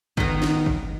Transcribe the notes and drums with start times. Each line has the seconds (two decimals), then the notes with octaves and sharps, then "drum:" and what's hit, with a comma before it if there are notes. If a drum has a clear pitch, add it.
0.17 D#3 B3, drum: kick
0.42 drum: snare
0.66 drum: kick